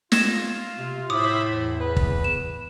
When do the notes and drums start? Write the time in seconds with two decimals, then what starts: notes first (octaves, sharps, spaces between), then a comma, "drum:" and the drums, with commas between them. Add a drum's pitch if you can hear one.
0.12 F4 G#6 A#6 E7, drum: snare
0.78 C3
1.10 A2 C5 E5 B5 D6 D#6
1.44 E2
1.80 B4
1.96 drum: kick
2.24 E7